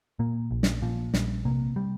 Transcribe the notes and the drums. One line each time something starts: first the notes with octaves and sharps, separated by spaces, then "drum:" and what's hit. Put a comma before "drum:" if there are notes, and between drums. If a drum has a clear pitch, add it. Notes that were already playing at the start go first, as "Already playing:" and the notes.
A#2 A#3
A#1
drum: snare
A#2 F3
A#1 G3, drum: snare
C3 A#3
G3